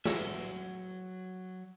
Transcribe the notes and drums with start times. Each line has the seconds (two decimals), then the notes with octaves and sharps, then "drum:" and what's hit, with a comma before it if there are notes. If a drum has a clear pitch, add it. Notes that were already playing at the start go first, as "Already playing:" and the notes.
0.05 F#3 E5, drum: snare